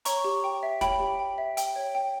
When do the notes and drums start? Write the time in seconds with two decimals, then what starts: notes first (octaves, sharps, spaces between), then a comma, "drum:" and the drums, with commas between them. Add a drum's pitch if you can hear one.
0.05 C#5 A#5 C#6, drum: hi-hat
0.24 G4
0.44 G5
0.63 E5
0.81 C#5 G5 B5, drum: snare
1.00 G4
1.19 G5
1.38 E5
1.57 G5, drum: hi-hat
1.76 C#5
1.95 G5